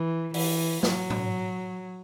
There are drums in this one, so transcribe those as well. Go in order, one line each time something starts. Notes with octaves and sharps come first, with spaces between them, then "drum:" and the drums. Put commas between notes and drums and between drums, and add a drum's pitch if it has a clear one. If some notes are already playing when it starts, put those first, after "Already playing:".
Already playing: E3
E3, drum: open hi-hat
F#3, drum: snare
drum: tom A2